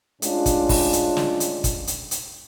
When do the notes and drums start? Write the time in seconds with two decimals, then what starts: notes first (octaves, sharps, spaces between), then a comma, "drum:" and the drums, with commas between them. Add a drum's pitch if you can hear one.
0.22 A2 G#3 C#4 D4 F4, drum: hi-hat
0.46 drum: kick, hi-hat
0.69 drum: kick, open hi-hat
0.93 drum: hi-hat
1.17 drum: snare
1.40 drum: hi-hat
1.64 drum: kick, hi-hat
1.87 drum: hi-hat
2.11 drum: hi-hat